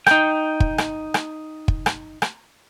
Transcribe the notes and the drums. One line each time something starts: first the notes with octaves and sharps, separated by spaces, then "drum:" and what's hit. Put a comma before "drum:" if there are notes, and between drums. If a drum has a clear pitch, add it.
D#4 G5, drum: rim click
drum: kick
drum: rim click
drum: rim click
drum: kick
drum: rim click
drum: rim click